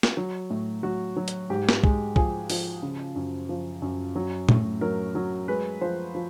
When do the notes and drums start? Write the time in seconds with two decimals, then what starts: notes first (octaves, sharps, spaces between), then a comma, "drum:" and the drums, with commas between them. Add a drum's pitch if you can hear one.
0.03 drum: snare
0.17 F#3
0.50 A2
0.83 F#3 F#4
1.17 F#3
1.28 drum: hi-hat
1.50 G#2 G4
1.69 drum: snare
1.84 G#3, drum: kick
2.16 F3 G#4, drum: kick
2.50 F3, drum: open hi-hat
2.82 C#3
3.16 F#2
3.49 F3
3.82 F#2
4.16 F#3
4.49 A2, drum: tom A#2
4.81 F#3 A#4
5.15 F#3
5.48 G#3 B4
5.81 F3 C5
6.15 F3